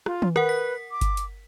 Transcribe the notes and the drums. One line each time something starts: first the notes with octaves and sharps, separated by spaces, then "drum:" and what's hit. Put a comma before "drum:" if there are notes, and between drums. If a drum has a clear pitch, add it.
F4, drum: rim click
drum: tom
A#4 B4 F#5, drum: rim click
B6
D6
drum: kick G1, hi-hat
drum: hi-hat